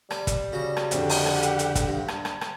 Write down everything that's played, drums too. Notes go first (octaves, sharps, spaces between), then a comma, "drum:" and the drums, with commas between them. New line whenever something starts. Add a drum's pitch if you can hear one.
G3 D5, drum: rim click
drum: kick, hi-hat
C#3 F#4
drum: rim click
F2 D3 G4 F#5, drum: hi-hat
drum: open hi-hat
drum: rim click
drum: hi-hat
drum: hi-hat
drum: kick, hi-hat
G2
drum: rim click
drum: rim click
drum: rim click